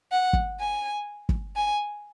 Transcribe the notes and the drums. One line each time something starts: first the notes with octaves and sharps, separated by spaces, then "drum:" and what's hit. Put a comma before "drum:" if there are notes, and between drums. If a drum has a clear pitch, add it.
F#5
drum: kick
G#5
drum: kick
G#5